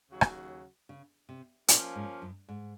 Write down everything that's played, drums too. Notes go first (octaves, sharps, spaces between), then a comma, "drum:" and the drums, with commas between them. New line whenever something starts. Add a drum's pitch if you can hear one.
D#2 C#3 F#3 C#4 F#4
drum: rim click
C#3
C3
A#2 F3 A#3 C#4, drum: hi-hat
G#2
F#2
G#2